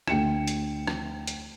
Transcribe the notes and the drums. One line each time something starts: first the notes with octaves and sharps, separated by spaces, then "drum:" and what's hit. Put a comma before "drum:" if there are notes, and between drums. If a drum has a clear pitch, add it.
D2 G5 C#7 E7, drum: rim click
drum: hi-hat
drum: rim click
drum: hi-hat